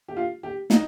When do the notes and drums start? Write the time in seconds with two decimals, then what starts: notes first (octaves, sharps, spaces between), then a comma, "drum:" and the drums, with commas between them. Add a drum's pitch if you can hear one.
0.08 G4
0.17 F4
0.43 G4
0.70 D#4, drum: snare